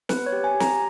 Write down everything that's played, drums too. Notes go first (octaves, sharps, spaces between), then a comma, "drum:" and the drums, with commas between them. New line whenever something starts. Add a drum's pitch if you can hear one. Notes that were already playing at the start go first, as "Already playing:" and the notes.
B3 B4, drum: snare
C#5
G4
G#5
G4
A#5, drum: snare